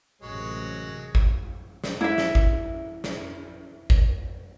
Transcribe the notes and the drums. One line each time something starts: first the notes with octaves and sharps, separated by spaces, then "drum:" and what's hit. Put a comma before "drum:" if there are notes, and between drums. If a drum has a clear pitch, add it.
A1 F#2 C3 F#3 G#3 C#5
drum: kick
drum: snare
E4 E5
drum: snare
drum: kick
drum: snare
drum: kick